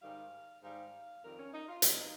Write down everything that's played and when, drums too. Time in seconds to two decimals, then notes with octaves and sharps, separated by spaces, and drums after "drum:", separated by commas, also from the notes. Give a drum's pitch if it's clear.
0.01 G#2 D#3 G3 F5
0.61 G#2 D#3 G3 F5
1.21 F2 D#3 G3 A#4
1.37 C#4
1.52 D#4
1.68 F4
1.82 C3 F3 G#3 D#4, drum: hi-hat
1.98 D#4